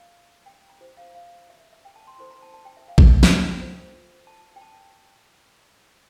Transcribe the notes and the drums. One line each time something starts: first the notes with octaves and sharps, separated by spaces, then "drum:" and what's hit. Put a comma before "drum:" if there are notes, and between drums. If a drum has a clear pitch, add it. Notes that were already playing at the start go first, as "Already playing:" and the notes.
Already playing: F5
G5
A#5
E4 G4 C5
F5
F5
E5
E5
E5
G5
A5
C6
E4 A4 C5 C6
A#5
A5
A5
G5
E5
F5
drum: kick A#1
G5, drum: snare
F4 A4 C5
A5
G5
A5